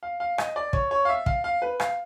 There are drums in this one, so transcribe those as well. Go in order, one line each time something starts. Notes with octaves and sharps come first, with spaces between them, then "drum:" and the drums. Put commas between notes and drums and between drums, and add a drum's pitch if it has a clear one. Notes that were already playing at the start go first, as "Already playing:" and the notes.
F5
F5
D#5, drum: rim click
D5
C#5, drum: kick
C#5
F5
E5
F5, drum: kick
F5
B4
F5, drum: rim click